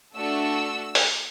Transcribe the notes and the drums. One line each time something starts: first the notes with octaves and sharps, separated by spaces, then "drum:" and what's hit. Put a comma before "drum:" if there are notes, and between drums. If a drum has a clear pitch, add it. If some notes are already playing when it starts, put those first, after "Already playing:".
A3 D4 F#4 A4 E6
drum: open hi-hat